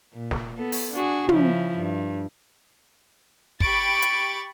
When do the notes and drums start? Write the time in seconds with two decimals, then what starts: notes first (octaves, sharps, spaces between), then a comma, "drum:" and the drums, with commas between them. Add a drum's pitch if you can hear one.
0.14 A#2
0.31 drum: snare
0.55 B3 A4
0.72 drum: open hi-hat
0.93 D4 F#4 G#4
1.29 C#3 F3 E4, drum: tom
1.78 G2
3.60 G4 B5 C#6 A6 D7, drum: kick
4.02 drum: hi-hat